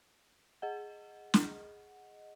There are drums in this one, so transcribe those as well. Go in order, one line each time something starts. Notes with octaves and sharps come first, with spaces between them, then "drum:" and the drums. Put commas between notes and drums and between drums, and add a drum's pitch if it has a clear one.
G#4 D#5 F#5
drum: snare